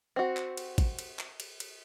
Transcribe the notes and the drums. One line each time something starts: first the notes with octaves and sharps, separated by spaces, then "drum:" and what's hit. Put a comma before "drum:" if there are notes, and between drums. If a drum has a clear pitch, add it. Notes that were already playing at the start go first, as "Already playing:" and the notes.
C4 F#4
drum: clap
drum: cymbal
drum: kick A1, cymbal
drum: cymbal
drum: clap
drum: cymbal
drum: cymbal